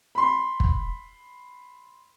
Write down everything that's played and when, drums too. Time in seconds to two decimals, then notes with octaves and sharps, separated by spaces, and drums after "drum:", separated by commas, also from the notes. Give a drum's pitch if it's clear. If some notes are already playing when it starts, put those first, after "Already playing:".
0.15 B5 C6
0.60 drum: kick